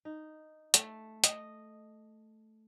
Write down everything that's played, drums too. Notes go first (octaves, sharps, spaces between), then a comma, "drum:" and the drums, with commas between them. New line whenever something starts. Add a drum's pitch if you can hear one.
D#4
A3, drum: hi-hat
D#5, drum: hi-hat